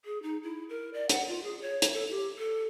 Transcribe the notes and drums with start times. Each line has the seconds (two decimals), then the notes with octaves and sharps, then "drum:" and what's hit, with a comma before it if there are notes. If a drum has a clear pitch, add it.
0.05 G#4
0.23 D#4
0.43 E4
0.70 A#4
0.94 D5
1.09 F#5, drum: hi-hat
1.28 F4
1.44 G#4
1.62 C#5
1.82 drum: hi-hat
1.94 A4
2.10 G4
2.38 A4